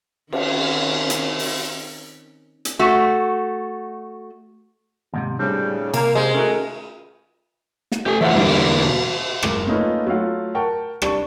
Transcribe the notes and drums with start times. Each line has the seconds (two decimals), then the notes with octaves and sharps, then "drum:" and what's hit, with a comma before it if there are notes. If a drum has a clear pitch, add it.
0.32 D#3 C4 C#4, drum: cymbal
1.10 drum: hi-hat
1.39 drum: open hi-hat
2.65 drum: hi-hat
2.79 A3 F#4
5.14 D#2 G#2 C3
5.39 A2 C#3 G3 C4 D4
5.94 C3 A#3 A#5, drum: cymbal
6.15 G3 G#3 C5
6.35 D#3 A3 C#4 F#4 A#4
7.92 drum: snare
8.06 A3 G4 G#5
8.21 E3 A3 F4 E5 F#5, drum: cymbal
8.36 E2 D3 G3 A#3 E4
8.84 B2
9.43 F#1 G#2 D6, drum: rim click
9.67 A3 A#3 C#4 D#4 F4 B4
10.07 F#3 A3 F4 F5 F#5
10.55 A#4 F#5 G5 A5 C#6 F6
11.02 G3 D4 D5 A5 C#6, drum: rim click